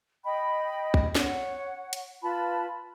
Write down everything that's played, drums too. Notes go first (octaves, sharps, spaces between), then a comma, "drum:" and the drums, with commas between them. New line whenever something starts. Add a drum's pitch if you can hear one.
D#5 G5 B5
drum: kick
C#5 F#5, drum: snare
drum: hi-hat
F4 B4 A5 B5